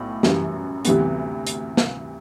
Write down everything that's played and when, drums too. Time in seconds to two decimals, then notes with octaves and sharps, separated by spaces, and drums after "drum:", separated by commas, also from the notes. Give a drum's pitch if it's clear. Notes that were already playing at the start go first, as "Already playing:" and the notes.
Already playing: B1 A2
0.23 F#2 E3 G3, drum: snare
0.85 D2 C3 E3 G3 B3, drum: hi-hat
1.47 drum: hi-hat
1.77 drum: snare